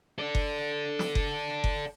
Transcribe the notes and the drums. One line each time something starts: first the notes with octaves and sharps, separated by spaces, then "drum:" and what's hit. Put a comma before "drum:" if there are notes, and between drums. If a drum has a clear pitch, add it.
A4 D5
drum: kick F#1
drum: snare
drum: kick F#1
drum: kick F#1